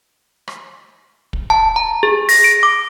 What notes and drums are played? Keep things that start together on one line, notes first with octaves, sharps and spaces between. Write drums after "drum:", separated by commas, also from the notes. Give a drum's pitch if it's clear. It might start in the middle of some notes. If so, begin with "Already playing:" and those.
drum: rim click
drum: kick
A5
A#5
G#4
A#6, drum: open hi-hat
D7
D6